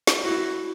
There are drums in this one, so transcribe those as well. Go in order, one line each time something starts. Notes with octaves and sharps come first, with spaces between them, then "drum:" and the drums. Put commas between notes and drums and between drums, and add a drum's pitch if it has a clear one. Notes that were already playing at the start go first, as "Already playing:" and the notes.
drum: snare
E4 F#4